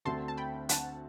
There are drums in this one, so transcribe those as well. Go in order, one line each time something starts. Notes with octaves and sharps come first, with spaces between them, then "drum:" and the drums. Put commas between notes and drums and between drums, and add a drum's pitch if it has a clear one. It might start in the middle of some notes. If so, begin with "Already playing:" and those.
D2 D3 A3 C4 F#4 A5 C6
A5
G5 B5
F#5 A5, drum: hi-hat